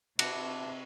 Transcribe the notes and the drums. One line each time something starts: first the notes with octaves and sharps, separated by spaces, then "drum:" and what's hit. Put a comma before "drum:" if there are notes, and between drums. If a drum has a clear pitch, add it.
C3 F#4 B4 E5 A5 D6, drum: cymbal